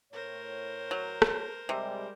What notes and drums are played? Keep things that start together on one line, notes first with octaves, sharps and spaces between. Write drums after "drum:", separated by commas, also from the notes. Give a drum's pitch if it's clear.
A2 A#4 C5 C#5
F#3
drum: rim click
C3 G3 G#3